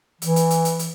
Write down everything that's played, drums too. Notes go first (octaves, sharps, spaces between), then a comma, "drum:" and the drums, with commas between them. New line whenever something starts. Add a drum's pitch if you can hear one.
E3, drum: hi-hat
drum: hi-hat
drum: hi-hat
drum: hi-hat
drum: hi-hat